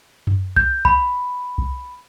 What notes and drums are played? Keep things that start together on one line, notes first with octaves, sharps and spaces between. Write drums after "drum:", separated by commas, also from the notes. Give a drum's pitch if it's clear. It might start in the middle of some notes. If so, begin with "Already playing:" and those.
drum: tom F#2
G6, drum: kick C2
B5, drum: kick C2
drum: kick C2